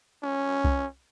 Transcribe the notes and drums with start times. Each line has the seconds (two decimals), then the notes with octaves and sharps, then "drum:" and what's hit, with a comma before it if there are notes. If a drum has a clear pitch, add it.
0.23 C#4
0.64 drum: kick C2